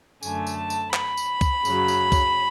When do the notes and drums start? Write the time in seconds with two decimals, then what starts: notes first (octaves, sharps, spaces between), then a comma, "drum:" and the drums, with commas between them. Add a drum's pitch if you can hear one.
0.23 F#2 D3 A3 G#5, drum: tambourine
0.47 drum: tambourine
0.58 A5
0.70 drum: tambourine
0.94 B5, drum: clap
1.17 drum: tambourine
1.41 drum: kick C#2, tambourine
1.65 F#2 C#3 F#3, drum: tambourine
1.88 drum: tambourine
2.12 drum: kick C#2, tambourine